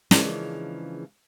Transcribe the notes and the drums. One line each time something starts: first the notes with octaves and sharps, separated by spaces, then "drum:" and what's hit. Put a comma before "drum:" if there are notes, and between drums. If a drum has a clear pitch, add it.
C#3 E3 F3 G#3 A#3 D4, drum: snare